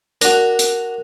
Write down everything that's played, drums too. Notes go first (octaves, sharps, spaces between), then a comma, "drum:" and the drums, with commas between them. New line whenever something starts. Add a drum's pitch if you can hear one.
D4 F#4 A#4, drum: hi-hat
drum: hi-hat